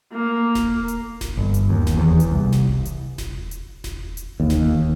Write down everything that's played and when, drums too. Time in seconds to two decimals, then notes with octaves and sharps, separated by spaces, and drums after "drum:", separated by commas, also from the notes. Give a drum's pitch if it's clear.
0.12 A#3
0.55 drum: snare E1
0.88 drum: hi-hat
1.21 drum: snare E1
1.37 G1
1.54 drum: hi-hat
1.69 D#2
1.87 drum: snare E1
1.98 E2
2.20 drum: hi-hat
2.31 C2
2.53 drum: snare E1
2.85 drum: hi-hat
3.18 drum: snare E1
3.51 drum: hi-hat
3.84 drum: snare E1
4.17 drum: hi-hat
4.40 D#2
4.50 drum: snare E1